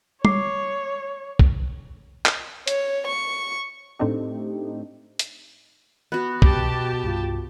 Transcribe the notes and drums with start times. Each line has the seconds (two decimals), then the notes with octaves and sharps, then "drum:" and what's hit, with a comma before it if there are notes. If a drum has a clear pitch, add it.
0.25 C#5 D6 C7, drum: tom G3
1.39 drum: kick
2.26 drum: clap
2.68 C#5, drum: hi-hat
3.06 C#6
3.99 A2 A3 C4 D4 D#4 G4
5.19 drum: hi-hat
6.12 B3 F#4 F#6
6.42 B2 G4 A5, drum: kick
7.03 C2 G2 F4